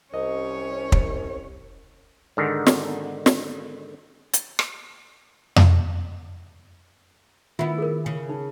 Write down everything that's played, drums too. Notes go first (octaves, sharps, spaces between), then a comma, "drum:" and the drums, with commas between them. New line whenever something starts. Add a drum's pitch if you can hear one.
C2 C#4 C5 C#5 D#5
drum: kick
G#2 D3 D#3
drum: snare
drum: snare
drum: hi-hat
drum: rim click
drum: tom F2
D#3 B3 E4 F4
G#4 A#4
C#3
D#4